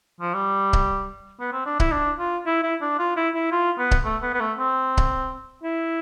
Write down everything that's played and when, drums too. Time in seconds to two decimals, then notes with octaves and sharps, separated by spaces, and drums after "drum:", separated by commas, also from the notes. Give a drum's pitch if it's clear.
0.21 F3
0.34 G3
0.73 drum: kick C#1
1.40 B3
1.52 C4
1.66 D4
1.80 E4, drum: kick C#1
1.92 D4
2.19 F4
2.46 E4
2.63 E4
2.81 D4
2.99 F4
3.16 E4
3.34 E4
3.52 F4
3.78 B3
3.91 drum: kick C#1
4.04 A3
4.22 B3
4.34 B3
4.40 A3
4.58 C4
4.97 drum: kick C#1
5.63 E4